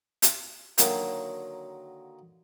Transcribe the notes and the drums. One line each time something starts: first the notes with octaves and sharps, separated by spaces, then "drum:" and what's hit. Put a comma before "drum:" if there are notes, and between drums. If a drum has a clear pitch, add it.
drum: hi-hat
D3 D#3 F#3 A#3, drum: hi-hat